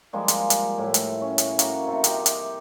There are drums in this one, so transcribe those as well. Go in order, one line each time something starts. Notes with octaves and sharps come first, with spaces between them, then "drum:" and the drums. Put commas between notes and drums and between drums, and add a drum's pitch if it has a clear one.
F3 G3 G#3 A#3
drum: hi-hat
drum: hi-hat
A2 E4
drum: hi-hat
C#4
drum: hi-hat
A#3 F#4, drum: hi-hat
C3 A4
D#4 G4, drum: hi-hat
drum: hi-hat